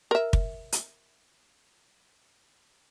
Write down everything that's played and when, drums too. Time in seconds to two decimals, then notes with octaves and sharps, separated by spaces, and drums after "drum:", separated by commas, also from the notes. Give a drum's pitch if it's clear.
0.11 A#4 E5
0.33 drum: kick
0.72 drum: hi-hat